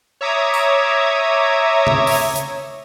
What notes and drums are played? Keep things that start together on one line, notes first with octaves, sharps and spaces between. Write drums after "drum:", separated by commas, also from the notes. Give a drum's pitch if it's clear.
C#5 E5 A#5 D6 D#6 G#6
drum: tambourine
drum: tom C#3
drum: open hi-hat
drum: hi-hat